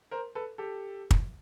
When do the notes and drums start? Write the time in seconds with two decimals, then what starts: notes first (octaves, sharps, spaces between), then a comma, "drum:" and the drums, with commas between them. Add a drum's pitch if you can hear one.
0.11 A#4 C5
0.35 A4 B4
0.58 G4 A4
1.11 drum: kick